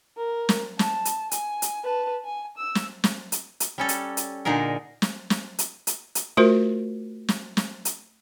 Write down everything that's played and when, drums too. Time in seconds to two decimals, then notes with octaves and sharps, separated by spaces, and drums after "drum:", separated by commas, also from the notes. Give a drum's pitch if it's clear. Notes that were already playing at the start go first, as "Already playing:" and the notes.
0.17 A#4
0.49 drum: snare
0.79 A5, drum: snare
1.05 drum: hi-hat
1.31 G#5, drum: hi-hat
1.62 drum: hi-hat
1.84 B4 A5
2.25 G#5
2.58 E6
2.75 drum: snare
3.04 drum: snare
3.32 drum: hi-hat
3.60 drum: hi-hat
3.78 G3 C#4 A4
3.89 drum: hi-hat
4.17 drum: hi-hat
4.45 A#2 D3 D#4 G#4 A#4
5.02 drum: snare
5.30 drum: snare
5.59 drum: hi-hat
5.87 drum: hi-hat
6.15 drum: hi-hat
6.37 A3 F4 F#4 A#4 C5
7.28 drum: snare
7.57 drum: snare
7.85 drum: hi-hat